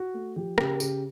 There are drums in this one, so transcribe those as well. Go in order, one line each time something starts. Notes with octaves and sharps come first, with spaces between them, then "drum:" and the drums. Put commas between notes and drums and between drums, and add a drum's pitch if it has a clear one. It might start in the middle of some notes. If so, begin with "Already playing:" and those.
Already playing: F#4
A3
F3 G4
C#3 G4, drum: rim click
C#3 G4, drum: tambourine